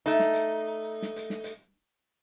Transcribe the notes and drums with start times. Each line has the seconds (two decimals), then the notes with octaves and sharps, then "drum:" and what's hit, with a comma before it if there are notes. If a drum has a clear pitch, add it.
0.06 A3 D#4, drum: hi-hat
0.20 drum: snare
0.33 drum: hi-hat
1.02 drum: snare
1.16 drum: hi-hat
1.30 drum: snare
1.44 drum: hi-hat